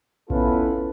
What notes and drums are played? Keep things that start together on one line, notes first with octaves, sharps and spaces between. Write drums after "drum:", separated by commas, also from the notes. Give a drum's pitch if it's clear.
B3 C#4 E4 F4 A4 B4, drum: kick A1